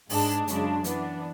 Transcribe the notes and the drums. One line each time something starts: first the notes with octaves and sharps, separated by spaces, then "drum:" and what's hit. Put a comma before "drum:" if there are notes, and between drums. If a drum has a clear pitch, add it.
G#2 G#3 D4, drum: open hi-hat
F#2 C#3 G#3 D4, drum: hi-hat
E3 B3 D4, drum: hi-hat